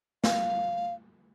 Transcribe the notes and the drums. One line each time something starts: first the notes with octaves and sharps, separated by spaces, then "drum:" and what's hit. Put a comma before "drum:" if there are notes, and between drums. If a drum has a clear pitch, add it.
F5, drum: snare